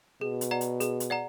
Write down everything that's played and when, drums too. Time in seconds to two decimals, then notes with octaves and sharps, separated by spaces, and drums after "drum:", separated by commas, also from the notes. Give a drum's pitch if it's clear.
0.21 B2 G#4
0.41 drum: hi-hat
0.51 D5 F#5 A#5
0.61 drum: hi-hat
0.80 G#4, drum: hi-hat
1.00 drum: hi-hat
1.10 D5 F#5 A#5